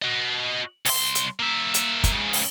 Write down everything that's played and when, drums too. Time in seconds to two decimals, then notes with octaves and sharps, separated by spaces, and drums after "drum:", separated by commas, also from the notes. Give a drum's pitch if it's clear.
0.02 F#4 D#5
0.85 C2 C6, drum: open hi-hat
1.15 drum: hi-hat
1.40 A#3 E5
1.74 drum: hi-hat
2.04 drum: kick, hi-hat
2.13 G#2 C#3
2.33 drum: open hi-hat